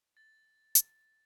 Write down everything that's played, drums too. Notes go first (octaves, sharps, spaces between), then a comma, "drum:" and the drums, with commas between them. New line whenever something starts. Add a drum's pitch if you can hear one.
A6
drum: hi-hat